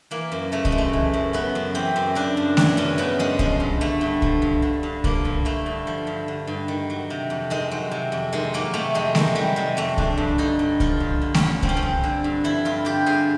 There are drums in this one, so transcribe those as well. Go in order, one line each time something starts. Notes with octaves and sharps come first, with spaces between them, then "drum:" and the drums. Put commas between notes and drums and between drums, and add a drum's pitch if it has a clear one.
E3 A#3
F#2
C#3 A3
G#3, drum: kick C2
F#2
A3
E3
F#2
C#3 B3
F#2
E3 C4
F#2
C#3 D4
F#2
E3 D4, drum: snare A3
F#2 C#4
C#3 B3
F#2 G#3
F3 G#3, drum: kick C2
G2
D3 A3
G2
F3, drum: kick C2
G2
D3
G2
F3 A#3, drum: kick C2
G2
D3 A3
G2
F3
G2
D3
G2
D#3
F#3
C3
F2
D#3 G#3
F#3
C3
F2
D#3 G#3
F#3 A#3
C3 A3
F2 G#3
D#3 G#3, drum: snare A3
F#3 G3
C3 G#3
F2 A3
F3 D4, drum: kick C2
G2
D3 D#4
G2
F3 F4, drum: kick C2
G2
D3
C#4, drum: snare A3
G2
F3 C4, drum: kick C2
C#4
C4
G2
D3
G2
F3 E4
G2 F4
D3 G4
G2 G#4